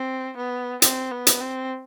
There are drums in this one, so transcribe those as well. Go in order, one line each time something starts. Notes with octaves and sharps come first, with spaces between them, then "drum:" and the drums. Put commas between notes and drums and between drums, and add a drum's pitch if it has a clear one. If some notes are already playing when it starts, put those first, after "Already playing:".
Already playing: C4
B3
C4, drum: hi-hat
B3
drum: hi-hat
C4